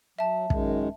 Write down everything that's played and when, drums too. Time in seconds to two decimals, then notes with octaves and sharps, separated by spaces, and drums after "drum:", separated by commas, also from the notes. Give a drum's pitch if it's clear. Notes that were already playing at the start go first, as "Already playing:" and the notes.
0.19 F#3 E5 A5
0.50 F#2 D#3 G#3, drum: kick